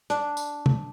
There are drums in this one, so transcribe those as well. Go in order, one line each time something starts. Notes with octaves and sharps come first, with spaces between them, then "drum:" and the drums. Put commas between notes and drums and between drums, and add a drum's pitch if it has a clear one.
D4, drum: hi-hat
drum: tambourine
drum: tom